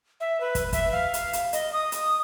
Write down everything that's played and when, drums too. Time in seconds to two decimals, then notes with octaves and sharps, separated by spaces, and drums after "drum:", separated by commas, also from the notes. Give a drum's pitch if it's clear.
0.20 E5
0.40 B4
0.55 drum: kick, hi-hat
0.73 E5, drum: kick, hi-hat
0.92 F5
1.14 drum: hi-hat
1.33 drum: hi-hat
1.53 D#5, drum: hi-hat
1.73 D#6
1.92 drum: hi-hat